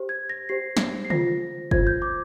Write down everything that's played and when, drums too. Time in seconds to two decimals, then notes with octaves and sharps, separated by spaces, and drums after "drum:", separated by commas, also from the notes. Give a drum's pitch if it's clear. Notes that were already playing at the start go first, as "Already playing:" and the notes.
Already playing: G4 C5
0.09 G#6
0.29 A#6
0.49 G4 C5 C7
0.77 drum: snare
1.05 C7
1.10 F4 C5 A#6, drum: tom
1.71 F4 C5 G#6, drum: kick F#1
1.87 G6
2.02 D6